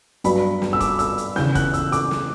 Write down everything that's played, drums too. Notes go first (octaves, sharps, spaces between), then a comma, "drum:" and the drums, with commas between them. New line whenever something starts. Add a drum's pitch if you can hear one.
G2 F#3 B3 B5, drum: hi-hat
drum: snare
E6
D6, drum: kick, hi-hat
E6, drum: hi-hat
drum: hi-hat
C#3 E3 B3 G6, drum: snare
F#6, drum: kick, hi-hat
E6, drum: hi-hat
D6, drum: hi-hat
drum: snare